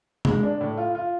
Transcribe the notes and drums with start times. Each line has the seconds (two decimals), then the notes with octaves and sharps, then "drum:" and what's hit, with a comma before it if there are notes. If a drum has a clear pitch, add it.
0.25 G#3, drum: tom
0.43 D4
0.61 A2
0.78 F4
0.95 F4